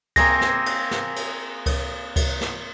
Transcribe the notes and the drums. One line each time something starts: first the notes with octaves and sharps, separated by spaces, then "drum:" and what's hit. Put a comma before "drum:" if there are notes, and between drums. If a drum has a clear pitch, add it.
A#3 C4 G#4 A#6, drum: kick C#2, cymbal
drum: snare
drum: cymbal
drum: snare
drum: cymbal
drum: kick C#2, cymbal
drum: kick C#2, cymbal
drum: snare